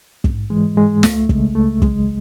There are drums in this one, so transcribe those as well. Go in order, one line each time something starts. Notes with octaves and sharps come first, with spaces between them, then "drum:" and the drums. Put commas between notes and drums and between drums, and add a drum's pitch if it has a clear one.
G#2, drum: kick
E3 G#3
G#2 G#3
C#2 A3, drum: snare
C#3 G#3, drum: kick
C#2 A3
F#3 G#3, drum: kick